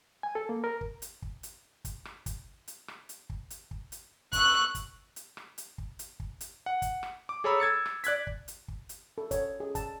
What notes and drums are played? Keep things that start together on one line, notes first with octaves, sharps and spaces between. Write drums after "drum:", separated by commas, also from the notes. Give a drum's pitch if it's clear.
G#5
A4
A#3
A#4
drum: kick
drum: hi-hat
drum: kick
drum: hi-hat
drum: kick, hi-hat
drum: rim click
drum: kick, hi-hat
drum: hi-hat
drum: rim click
drum: hi-hat
drum: kick
drum: hi-hat
drum: kick
drum: hi-hat
C#6 E6 F#6, drum: kick, hi-hat
drum: rim click
drum: kick, hi-hat
drum: hi-hat
drum: rim click
drum: hi-hat
drum: kick
drum: hi-hat
drum: kick
drum: hi-hat
F#5
drum: kick, hi-hat
drum: rim click
D6
G#4 A4 C#5 A#5 B5 E6
E6 G#6 A6 C#7
drum: rim click
D5 F#6 G#6 B6, drum: hi-hat
drum: kick
drum: hi-hat
drum: kick
drum: hi-hat
A4
C#5, drum: kick, hi-hat
G#4
A5, drum: kick, hi-hat